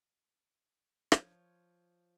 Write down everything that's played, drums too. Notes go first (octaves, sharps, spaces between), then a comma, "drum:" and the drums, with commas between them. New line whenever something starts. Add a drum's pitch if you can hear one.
F3 C#5, drum: rim click